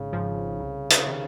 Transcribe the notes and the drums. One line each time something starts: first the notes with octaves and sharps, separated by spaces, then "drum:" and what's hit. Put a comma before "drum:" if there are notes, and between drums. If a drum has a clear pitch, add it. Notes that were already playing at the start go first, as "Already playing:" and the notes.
Already playing: G#1 C#3
G#2 F3
C2
drum: hi-hat
C3 D#3